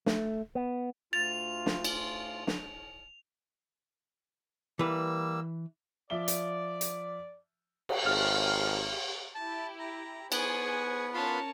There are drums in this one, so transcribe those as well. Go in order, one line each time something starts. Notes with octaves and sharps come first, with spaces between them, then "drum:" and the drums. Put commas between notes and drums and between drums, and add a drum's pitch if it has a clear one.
A3, drum: snare
B3
D2 F4 A6 F7
drum: snare
drum: cymbal
drum: snare
E3 G3 A#3 B4 E6
F3 D5 E5 G7
drum: hi-hat
drum: hi-hat
drum: cymbal
G#1 F6
E4 G4 A5
A#5
B3 G#4 B4 C5 G#5 C#6 D#6, drum: cymbal
C#4 F4 A#4 C#5 A5 B5 C6